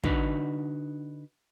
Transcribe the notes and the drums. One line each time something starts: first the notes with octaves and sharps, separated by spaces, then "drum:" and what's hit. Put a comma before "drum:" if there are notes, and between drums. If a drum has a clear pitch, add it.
D3 D4 D#4 F#4 B4, drum: kick